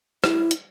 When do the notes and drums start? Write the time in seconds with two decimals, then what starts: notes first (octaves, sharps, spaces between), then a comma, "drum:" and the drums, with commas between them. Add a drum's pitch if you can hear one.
0.24 E4, drum: rim click
0.51 drum: hi-hat